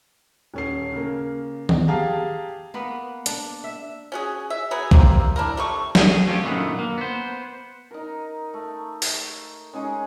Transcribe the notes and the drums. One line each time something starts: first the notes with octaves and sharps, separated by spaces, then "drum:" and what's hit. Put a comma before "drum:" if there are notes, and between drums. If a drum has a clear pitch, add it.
D#1 C#4 C7
C#3 A#3
drum: tom D#3
G4 G#4 F5 A5 A#5
A#3 B3 B4 F#5
D4, drum: hi-hat
E5
C#4 F#4 G#4
E5
F#3 B3 G#4
C3 G3 A#3 C4, drum: kick B1
D4 E4 A#4
G3 A3 C#6
F#2 G#4, drum: snare
A3 C4 C#4 F4 G4
F#2 A#2 D3 D#3 B3
A#3
B3 C5
D#4 A#4
A3
drum: open hi-hat
G#3 C#4 D#4 G#4